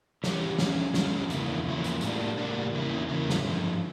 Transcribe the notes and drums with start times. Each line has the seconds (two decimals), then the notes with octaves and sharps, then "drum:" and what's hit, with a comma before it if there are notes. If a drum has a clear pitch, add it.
0.24 E3 G3 C#4 G4, drum: snare
0.59 F2 D3 G3 C#4, drum: snare
0.94 F2 D3 G3 C#4, drum: snare
1.30 E2 C#3 F3 A#3 E4, drum: hi-hat
1.66 E2 C#3 F3 A#3 E4
1.84 drum: hi-hat
2.01 A2 G3 A#3 D4, drum: hi-hat
2.37 A2 G3 A#3 D4
2.73 E2 C#3 A#3 E4
3.08 E2 C#3 A#3 E4
3.30 drum: snare
3.45 G2 D3 F3